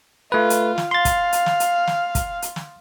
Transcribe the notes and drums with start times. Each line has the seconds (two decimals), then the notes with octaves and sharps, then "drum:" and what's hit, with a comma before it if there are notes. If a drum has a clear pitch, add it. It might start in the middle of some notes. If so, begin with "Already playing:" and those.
0.32 A3 F4 B4
0.50 drum: hi-hat
0.78 drum: snare
0.91 F5 C6 A6
1.05 drum: kick, hi-hat
1.33 drum: hi-hat
1.46 drum: snare
1.60 drum: hi-hat
1.87 drum: snare
2.15 drum: kick, hi-hat
2.42 drum: hi-hat
2.56 drum: snare